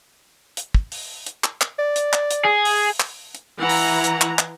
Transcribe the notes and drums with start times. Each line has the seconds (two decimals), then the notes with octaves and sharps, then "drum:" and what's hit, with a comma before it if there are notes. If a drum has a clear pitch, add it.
0.57 drum: hi-hat
0.74 drum: kick
0.92 drum: open hi-hat
1.27 drum: hi-hat
1.44 drum: clap
1.61 drum: clap
1.79 D5
1.96 drum: hi-hat
2.13 drum: clap
2.31 drum: hi-hat
2.45 G#4
2.65 drum: open hi-hat
3.00 drum: clap
3.35 drum: hi-hat
3.59 E3 E4 F#5 A#5
3.69 drum: open hi-hat
4.04 drum: hi-hat
4.21 drum: clap
4.39 drum: clap